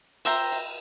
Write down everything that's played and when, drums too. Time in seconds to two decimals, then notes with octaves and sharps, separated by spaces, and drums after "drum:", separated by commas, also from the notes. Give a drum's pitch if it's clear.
0.25 C5 E5 G5 A#5, drum: cymbal
0.52 drum: cymbal